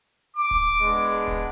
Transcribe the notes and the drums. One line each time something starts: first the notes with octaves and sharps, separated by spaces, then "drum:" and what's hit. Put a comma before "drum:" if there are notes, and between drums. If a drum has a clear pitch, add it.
D6, drum: hi-hat
drum: kick D1, open hi-hat
drum: hi-hat
G#3 B3 D4
drum: hi-hat
drum: hi-hat
drum: kick D1, hi-hat